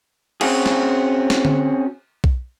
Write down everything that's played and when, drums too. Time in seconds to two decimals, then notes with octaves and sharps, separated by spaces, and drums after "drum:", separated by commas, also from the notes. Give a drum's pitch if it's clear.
0.41 C4 C#4 F#4 G#4, drum: cymbal
0.66 drum: snare
1.30 drum: snare
1.45 drum: tom D3
2.24 drum: kick B1